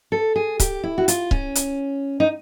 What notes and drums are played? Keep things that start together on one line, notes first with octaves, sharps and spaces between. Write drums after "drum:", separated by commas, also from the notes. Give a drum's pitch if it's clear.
A4
G#4
G4, drum: kick C#1, hi-hat
E4
F#4
F4, drum: hi-hat
C#4, drum: kick C#1
drum: hi-hat
D#4